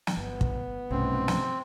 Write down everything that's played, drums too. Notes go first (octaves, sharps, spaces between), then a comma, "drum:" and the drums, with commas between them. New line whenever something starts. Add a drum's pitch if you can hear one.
drum: snare
G1 B3
drum: kick
B1 G2 C3 A3 C4 C#4
drum: snare